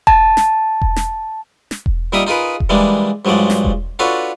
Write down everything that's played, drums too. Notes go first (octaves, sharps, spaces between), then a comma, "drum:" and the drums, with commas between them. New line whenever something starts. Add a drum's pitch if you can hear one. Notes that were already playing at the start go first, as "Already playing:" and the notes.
A5, drum: kick E1
drum: snare
drum: kick E1
drum: snare
drum: snare
drum: kick E1
A#2 G3 D#4 A#4 E5 D#6
D#4 F4 G#4 A#4 B4
drum: kick E1
E3 G3 G#3 A#3 D4
G2 F3 F#3 G#3 D5
drum: snare
drum: kick E1
D4 F4 F#4 A4 B4 C#5